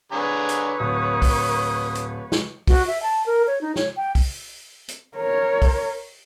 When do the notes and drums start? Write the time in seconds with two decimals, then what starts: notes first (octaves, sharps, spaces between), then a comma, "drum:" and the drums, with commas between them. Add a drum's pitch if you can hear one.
0.12 D3 G#4 B4 C#5 A#5
0.49 drum: hi-hat
0.80 D1 D#6
1.22 drum: kick, open hi-hat
1.95 drum: hi-hat
2.32 drum: snare
2.67 F#4, drum: kick, open hi-hat
2.87 E5
3.03 A5
3.26 A#4
3.47 C#5
3.61 D#4
3.76 C#5, drum: snare
3.97 G5
4.15 drum: kick, open hi-hat
4.88 drum: hi-hat
5.16 A#4 C#5
5.62 drum: kick, open hi-hat